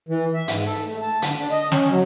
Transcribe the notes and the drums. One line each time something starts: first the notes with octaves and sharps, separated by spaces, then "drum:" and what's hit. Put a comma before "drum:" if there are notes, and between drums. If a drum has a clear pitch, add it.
E3
E5
G#2, drum: hi-hat
A4
A3
A5
D3, drum: hi-hat
D4
D#5
C#4, drum: snare
F#3